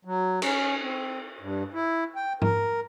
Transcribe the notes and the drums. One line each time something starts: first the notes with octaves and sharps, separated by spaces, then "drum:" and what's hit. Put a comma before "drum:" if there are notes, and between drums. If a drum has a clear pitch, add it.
F#3
C#4, drum: cymbal
C4
G2
E4
G5
A#4, drum: tom G#2